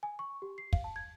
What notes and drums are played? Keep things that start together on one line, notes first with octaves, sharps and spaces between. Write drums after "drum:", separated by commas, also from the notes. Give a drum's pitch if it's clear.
G#5
C#6
G4
C7
F5, drum: kick
A5
G#6